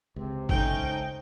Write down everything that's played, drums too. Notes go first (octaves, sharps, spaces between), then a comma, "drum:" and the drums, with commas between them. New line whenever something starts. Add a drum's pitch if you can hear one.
C#2 C3
A3 C#4 D#4 C5 G5, drum: kick